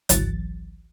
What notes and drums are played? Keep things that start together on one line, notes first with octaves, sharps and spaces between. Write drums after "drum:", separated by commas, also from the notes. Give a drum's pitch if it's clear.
G#1 C#2 E3 F#3 A6, drum: hi-hat